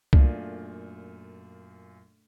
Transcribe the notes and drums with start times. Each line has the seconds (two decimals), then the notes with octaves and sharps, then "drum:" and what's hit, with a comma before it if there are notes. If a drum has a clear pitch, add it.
0.13 F#2 A#2 A3 D4 F4, drum: kick C2